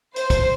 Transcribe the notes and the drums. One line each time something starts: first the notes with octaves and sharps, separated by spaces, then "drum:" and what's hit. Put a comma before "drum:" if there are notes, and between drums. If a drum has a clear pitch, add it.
C5, drum: hi-hat
drum: kick, hi-hat